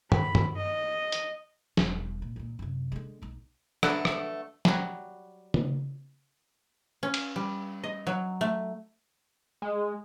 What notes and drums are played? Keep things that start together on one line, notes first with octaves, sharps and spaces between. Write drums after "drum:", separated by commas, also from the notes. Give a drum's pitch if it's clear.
B5, drum: tom G2
drum: tom G2
D#5
drum: hi-hat
E1 G3, drum: snare
A#2
A#2 D#3
F#2 C3
D3 G#3
B1 D#4
D3 F#3 A3 B3, drum: rim click
drum: rim click
F#3 G3, drum: snare
drum: tom C#3
C#4
drum: cymbal
G3
D#5
F#3
A3
G#3